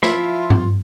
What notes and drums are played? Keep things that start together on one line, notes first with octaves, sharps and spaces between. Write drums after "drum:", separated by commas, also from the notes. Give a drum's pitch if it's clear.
F3 E4 F4 E5, drum: snare
drum: tom G2